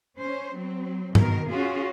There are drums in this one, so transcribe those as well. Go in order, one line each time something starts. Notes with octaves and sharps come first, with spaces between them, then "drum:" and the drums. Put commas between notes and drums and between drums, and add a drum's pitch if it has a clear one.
C#4 C5
F#3 C4
B2 D#3 A#4, drum: tom G#2
C#4 F4 F#4 G#4